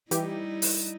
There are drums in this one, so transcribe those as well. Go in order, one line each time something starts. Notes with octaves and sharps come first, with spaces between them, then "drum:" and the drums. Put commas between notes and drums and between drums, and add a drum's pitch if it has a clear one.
E3 G3 D#4 E4 G4, drum: hi-hat
drum: open hi-hat